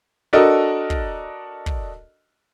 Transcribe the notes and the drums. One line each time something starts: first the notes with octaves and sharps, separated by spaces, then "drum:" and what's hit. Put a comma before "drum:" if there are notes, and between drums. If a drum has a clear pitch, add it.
D4 F#4 A4 A#4 D#5
drum: kick
drum: kick